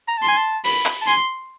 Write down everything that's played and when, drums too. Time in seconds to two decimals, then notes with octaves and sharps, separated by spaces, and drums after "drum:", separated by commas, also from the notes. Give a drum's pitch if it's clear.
0.08 A#5
0.18 A5 C6
0.28 G#5
0.37 A5
0.64 B5, drum: open hi-hat
0.86 drum: clap
1.02 A5
1.07 G#5 C6, drum: hi-hat